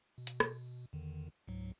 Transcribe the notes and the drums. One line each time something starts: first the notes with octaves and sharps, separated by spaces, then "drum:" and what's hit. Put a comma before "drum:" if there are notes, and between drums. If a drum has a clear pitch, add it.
B2
drum: hi-hat
drum: rim click
E2 D3 D#3
C#2 G#2 F#3